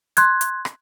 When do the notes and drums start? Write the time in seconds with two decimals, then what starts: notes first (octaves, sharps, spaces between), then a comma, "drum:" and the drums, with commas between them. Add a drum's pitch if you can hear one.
0.17 C6 F#6 G#6, drum: hi-hat
0.41 drum: hi-hat
0.65 drum: rim click